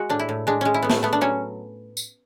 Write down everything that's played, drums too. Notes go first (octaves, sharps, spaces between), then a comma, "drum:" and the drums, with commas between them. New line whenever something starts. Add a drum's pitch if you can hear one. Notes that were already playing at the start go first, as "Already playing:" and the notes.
Already playing: G#3 F#4
A2 D4
E4
A2
G#3 D4
G#3 C#4
E4
A2 B3
A3, drum: snare
A3 B3
D4
F#3 C#4
drum: tambourine